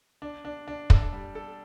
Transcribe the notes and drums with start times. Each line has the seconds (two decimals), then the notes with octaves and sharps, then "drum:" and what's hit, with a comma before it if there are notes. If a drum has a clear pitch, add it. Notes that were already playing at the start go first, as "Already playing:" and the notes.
0.22 D4
0.45 D4
0.68 D4
0.90 A4, drum: kick
1.13 G3
1.35 A4